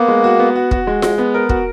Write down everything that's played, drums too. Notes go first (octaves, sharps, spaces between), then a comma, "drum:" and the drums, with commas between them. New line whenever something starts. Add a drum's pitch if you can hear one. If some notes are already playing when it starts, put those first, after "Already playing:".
Already playing: A#3 B3
G#3
F#4
B3
F#4
F#4, drum: kick
G#3
G#3, drum: snare F4
B3
A#4
F#4, drum: kick